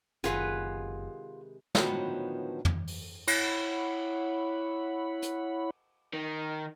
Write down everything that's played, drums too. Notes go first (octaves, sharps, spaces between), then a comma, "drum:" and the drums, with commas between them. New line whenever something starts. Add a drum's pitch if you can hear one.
F#1 C3 D#3 G#3 F4 G#4 B4 F#5, drum: hi-hat
A2 D3 D#3 F3 F#3 B3, drum: snare
drum: tom
drum: open hi-hat
E4 C#5 F#5 B5, drum: cymbal
drum: hi-hat
D#3